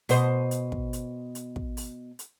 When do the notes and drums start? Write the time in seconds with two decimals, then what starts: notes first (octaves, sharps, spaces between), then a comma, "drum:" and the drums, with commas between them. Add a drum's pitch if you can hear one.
0.09 B2 C5 D#5, drum: open hi-hat
0.51 drum: hi-hat
0.72 drum: kick
0.93 drum: hi-hat
1.35 drum: hi-hat
1.56 drum: kick
1.77 drum: open hi-hat
2.19 drum: hi-hat